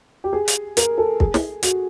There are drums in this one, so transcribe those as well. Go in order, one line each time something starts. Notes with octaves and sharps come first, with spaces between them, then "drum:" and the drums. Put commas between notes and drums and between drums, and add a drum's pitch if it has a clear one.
G4
G#4
drum: hi-hat
A#4, drum: hi-hat
A4
G#4, drum: kick
drum: snare
F#4, drum: hi-hat